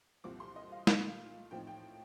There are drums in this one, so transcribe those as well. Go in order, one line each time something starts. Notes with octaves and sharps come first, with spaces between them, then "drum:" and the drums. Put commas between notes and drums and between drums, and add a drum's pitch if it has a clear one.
C2 A#2 F3 C4 D6
C6
D#5
F5
A#2 A3 D#4 F5, drum: snare
A2 F3 C4 D#4 G5
G5